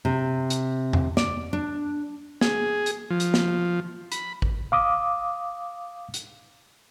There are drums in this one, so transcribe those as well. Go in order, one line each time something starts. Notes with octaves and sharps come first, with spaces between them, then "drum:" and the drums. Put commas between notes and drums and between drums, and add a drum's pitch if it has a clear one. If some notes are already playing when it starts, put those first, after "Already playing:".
C3
drum: hi-hat
drum: tom E2
D5, drum: snare
D4
G#4, drum: snare
drum: hi-hat
F3
drum: hi-hat
drum: snare
B5, drum: hi-hat
drum: kick A1
F5 D6 D#6
drum: hi-hat